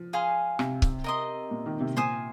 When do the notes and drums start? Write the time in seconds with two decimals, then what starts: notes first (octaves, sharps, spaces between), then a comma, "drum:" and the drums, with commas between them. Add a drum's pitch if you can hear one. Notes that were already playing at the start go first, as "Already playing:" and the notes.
Already playing: F3
0.13 G#4 F5 G#5 C6
0.59 C3, drum: rim click
0.82 drum: kick C#1
1.04 A#4 D#5 C6 D#6
1.51 A#2
1.66 D#3
1.80 C3
1.96 A#2 C5 G#5 D#6